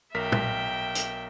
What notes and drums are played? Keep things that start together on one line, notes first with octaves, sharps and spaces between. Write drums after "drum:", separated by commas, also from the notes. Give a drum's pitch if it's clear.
B1 A#4 E5 G5 B6
drum: tom
drum: hi-hat